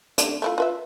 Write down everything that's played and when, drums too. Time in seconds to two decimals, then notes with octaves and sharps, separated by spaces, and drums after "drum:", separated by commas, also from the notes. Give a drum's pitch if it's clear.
0.18 D3 A3 D5, drum: hi-hat
0.42 A3 E4 F4
0.58 F4 B4 E5